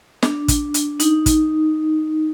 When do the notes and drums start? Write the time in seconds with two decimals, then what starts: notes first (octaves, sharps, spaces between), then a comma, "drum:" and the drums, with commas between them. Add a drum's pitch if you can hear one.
0.23 D4, drum: snare
0.48 drum: kick, hi-hat
0.74 drum: hi-hat
1.00 D#4, drum: hi-hat
1.26 drum: kick, hi-hat